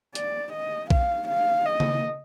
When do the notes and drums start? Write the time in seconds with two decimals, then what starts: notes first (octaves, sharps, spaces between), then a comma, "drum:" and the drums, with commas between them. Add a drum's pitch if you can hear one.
0.15 D5, drum: hi-hat
0.53 D#5
0.90 F5, drum: kick B1
1.28 F5
1.65 D#5
1.80 drum: tom C#3